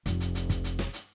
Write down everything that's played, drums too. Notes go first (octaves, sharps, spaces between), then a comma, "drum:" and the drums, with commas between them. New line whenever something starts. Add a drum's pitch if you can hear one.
F1, drum: hi-hat
drum: hi-hat
drum: hi-hat
drum: kick, hi-hat
drum: hi-hat
drum: snare
drum: hi-hat